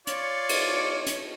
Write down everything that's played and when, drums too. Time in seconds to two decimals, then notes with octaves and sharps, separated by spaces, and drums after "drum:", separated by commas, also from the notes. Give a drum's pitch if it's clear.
0.07 F4 C#5 D5, drum: hi-hat
0.49 drum: cymbal
1.07 drum: hi-hat